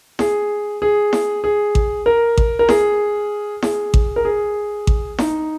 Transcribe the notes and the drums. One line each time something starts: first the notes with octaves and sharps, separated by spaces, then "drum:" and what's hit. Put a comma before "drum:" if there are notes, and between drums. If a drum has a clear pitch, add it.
G#4, drum: snare E4
G#4
drum: snare E4
G#4
drum: kick A1
A#4
drum: kick A1
A#4
G#4, drum: snare E4
G#4, drum: snare E4
drum: kick A1
A#4
G#4
drum: kick A1
D#4, drum: snare E4